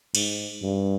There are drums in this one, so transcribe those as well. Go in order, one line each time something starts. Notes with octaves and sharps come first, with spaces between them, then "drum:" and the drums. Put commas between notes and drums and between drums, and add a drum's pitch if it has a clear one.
G#2, drum: cymbal
G2